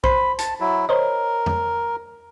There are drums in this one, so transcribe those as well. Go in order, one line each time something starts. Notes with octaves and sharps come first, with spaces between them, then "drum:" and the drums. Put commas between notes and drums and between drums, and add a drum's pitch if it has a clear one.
C5 B5 C6, drum: kick B1
A5, drum: hi-hat
F#3 E4
A#4 C5 C#5 D#5
drum: tom F2